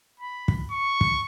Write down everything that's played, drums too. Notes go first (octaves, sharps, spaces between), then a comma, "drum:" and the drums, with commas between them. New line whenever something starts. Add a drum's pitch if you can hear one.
B5
drum: kick
C#6
drum: kick